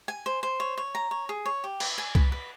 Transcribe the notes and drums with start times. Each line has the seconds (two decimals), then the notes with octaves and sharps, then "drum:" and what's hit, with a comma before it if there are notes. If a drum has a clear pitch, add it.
0.08 G#5
0.26 C5
0.43 C5
0.60 C#5
0.78 C#5
0.95 A#5
1.11 C#5
1.29 G#4
1.46 C#5
1.64 G4
1.80 B4, drum: cymbal
1.98 G#5
2.15 B4, drum: kick C2
2.32 B4